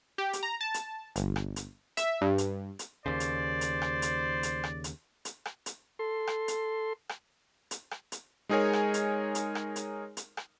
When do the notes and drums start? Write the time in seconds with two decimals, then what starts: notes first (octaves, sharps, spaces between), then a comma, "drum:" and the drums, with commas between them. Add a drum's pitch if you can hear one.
0.18 G4
0.33 drum: hi-hat
0.43 A#5
0.61 A5
0.74 drum: hi-hat
1.16 G1, drum: hi-hat
1.36 drum: rim click
1.56 drum: hi-hat
1.97 E5, drum: hi-hat
2.21 G2
2.38 drum: hi-hat
2.79 drum: hi-hat
3.06 D#2 C#3 C5 D5
3.20 drum: hi-hat
3.61 drum: hi-hat
3.82 drum: rim click
4.02 drum: hi-hat
4.43 drum: hi-hat
4.64 drum: rim click
4.84 drum: hi-hat
5.25 drum: hi-hat
5.46 drum: rim click
5.66 drum: hi-hat
5.99 A4 C6
6.27 drum: rim click
6.48 drum: hi-hat
7.09 drum: rim click
7.71 drum: hi-hat
7.91 drum: rim click
8.12 drum: hi-hat
8.49 G#3 D#4 G#4 A#4 C#5 G#5
8.73 drum: rim click
8.94 drum: hi-hat
9.35 drum: hi-hat
9.55 drum: rim click
9.76 drum: hi-hat
10.17 drum: hi-hat
10.37 drum: rim click